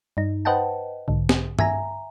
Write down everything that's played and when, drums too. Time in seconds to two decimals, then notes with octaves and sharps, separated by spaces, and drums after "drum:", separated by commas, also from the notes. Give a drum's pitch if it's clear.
0.17 G2 D#4
0.45 B4 C5 D#5 F#5 G5 A5
1.08 B1 G#2 D3
1.29 drum: snare
1.59 E5 G#5 A#5, drum: tom G2